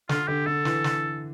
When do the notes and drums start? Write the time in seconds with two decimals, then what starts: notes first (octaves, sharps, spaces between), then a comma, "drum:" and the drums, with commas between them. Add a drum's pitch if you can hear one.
0.09 D3 F4, drum: snare
0.28 D3 G4
0.46 D3 A4
0.65 E3, drum: snare
0.84 drum: snare